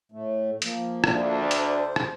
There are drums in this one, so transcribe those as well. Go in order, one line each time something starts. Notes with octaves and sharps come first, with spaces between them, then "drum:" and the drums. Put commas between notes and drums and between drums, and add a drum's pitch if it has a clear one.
A2 A3
F3 A#3, drum: hi-hat
D2 D4, drum: rim click
C5, drum: hi-hat
drum: rim click